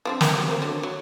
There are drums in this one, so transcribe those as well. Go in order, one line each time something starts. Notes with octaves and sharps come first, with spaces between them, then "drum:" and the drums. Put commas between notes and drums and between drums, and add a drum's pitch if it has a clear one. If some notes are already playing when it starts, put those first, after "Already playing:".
F3 C4 D4
A#3 G5, drum: snare
F#3 G3
A#3 C4
D3 F#3
F#3